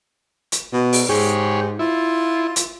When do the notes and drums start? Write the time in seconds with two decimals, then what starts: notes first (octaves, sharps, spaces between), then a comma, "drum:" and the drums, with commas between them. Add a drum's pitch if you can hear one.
0.52 drum: hi-hat
0.72 B2
0.93 drum: open hi-hat
1.09 G#2 G4 G#4 C#5
1.79 E4 F4
2.56 drum: hi-hat